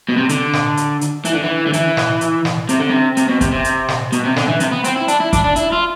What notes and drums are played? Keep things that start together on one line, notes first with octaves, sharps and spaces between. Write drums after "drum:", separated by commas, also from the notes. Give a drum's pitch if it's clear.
B2
C3
D3, drum: hi-hat
drum: snare
drum: hi-hat
drum: hi-hat
E3, drum: hi-hat
D3
E3
D3
E3, drum: hi-hat
drum: snare
drum: hi-hat
drum: snare
C3, drum: hi-hat
D3
C3
C3, drum: hi-hat
B2
C3, drum: kick, hi-hat
C3
drum: hi-hat
drum: snare
B2, drum: hi-hat
C3
D3, drum: snare
E3
C3, drum: hi-hat
B3
C4, drum: hi-hat
E4
D4, drum: hi-hat
E4
D4, drum: kick, hi-hat
D4
E4, drum: hi-hat
F4